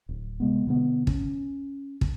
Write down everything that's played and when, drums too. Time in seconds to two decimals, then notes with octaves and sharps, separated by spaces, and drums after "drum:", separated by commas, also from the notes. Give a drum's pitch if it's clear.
0.09 D1
0.40 C3 G#3 B3
0.67 B2 D3 B3
1.07 C#4, drum: kick
2.01 drum: kick